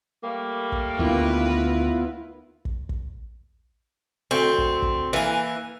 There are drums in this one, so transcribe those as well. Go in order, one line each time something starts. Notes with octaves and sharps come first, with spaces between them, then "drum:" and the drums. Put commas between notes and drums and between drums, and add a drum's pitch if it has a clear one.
G3 A3 A#3
drum: kick
D2 D#3 B3 E4 F4 A#4 B4
drum: kick
drum: kick
D2 C4 C#6
drum: kick
drum: kick
E3 A#3 G#5